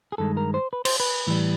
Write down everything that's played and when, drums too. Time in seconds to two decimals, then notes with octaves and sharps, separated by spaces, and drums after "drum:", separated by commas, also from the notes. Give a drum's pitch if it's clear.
0.12 G#4
0.18 G2 D#3 G#3 A4
0.37 A#4
0.54 C5
0.73 B4
0.85 C5, drum: cymbal
1.00 B4
1.27 A2 E3 G3